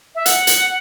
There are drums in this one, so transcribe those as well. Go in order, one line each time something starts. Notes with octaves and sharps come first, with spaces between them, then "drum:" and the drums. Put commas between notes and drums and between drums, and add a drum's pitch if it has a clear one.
E5
F#5, drum: hi-hat
drum: hi-hat